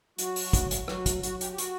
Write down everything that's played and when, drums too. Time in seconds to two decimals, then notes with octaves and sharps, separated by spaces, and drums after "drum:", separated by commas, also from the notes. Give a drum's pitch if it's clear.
0.18 F#3 F#4, drum: hi-hat
0.36 drum: open hi-hat
0.53 drum: kick, hi-hat
0.71 drum: hi-hat
0.88 F#3 F#4, drum: rim click
1.06 drum: kick, hi-hat
1.23 F#3 F#4, drum: hi-hat
1.41 G4, drum: hi-hat
1.52 G4
1.58 F#4, drum: hi-hat